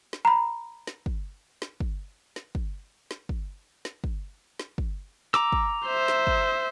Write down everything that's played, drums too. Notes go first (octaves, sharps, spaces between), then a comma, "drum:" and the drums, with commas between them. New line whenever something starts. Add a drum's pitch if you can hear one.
drum: snare
A#5 B5
drum: snare
drum: kick
drum: snare
drum: kick
drum: snare
drum: kick
drum: snare
drum: kick
drum: snare
drum: kick
drum: snare
drum: kick
A#5 D6 E6, drum: snare
drum: kick
C5 E5
drum: snare
drum: kick